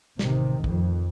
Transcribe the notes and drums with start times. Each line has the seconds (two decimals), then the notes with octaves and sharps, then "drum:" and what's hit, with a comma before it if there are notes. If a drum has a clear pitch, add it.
0.19 A1 C3 D#3, drum: snare
0.64 F2, drum: kick